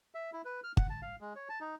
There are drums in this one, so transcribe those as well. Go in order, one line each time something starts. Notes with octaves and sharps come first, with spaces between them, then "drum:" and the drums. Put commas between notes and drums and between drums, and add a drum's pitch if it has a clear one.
E5
E4
B4
F6
F#5, drum: kick
A5
F5
G#3
C#5
A5
D#4